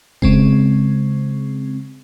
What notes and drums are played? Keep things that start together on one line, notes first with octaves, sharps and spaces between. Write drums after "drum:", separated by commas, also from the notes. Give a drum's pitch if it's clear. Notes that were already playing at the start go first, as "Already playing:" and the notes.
C#3 G#3 C4, drum: kick F1